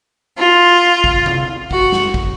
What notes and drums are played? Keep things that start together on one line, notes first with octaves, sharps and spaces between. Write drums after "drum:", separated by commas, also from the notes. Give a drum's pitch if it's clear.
F4
drum: kick
drum: tom C3
F#4, drum: kick
drum: snare
drum: kick